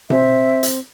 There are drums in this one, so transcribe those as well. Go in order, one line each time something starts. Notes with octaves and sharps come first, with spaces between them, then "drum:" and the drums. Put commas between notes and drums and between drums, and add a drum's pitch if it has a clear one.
C4 E5, drum: tom B2
drum: hi-hat